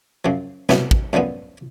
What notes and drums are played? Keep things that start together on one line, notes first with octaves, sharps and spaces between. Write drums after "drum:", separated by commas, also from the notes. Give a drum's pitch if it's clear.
F#2 C#3 F3
C2 B2 F#3 B3 E4, drum: snare
drum: kick
F#2 D3 F3 G#3 B3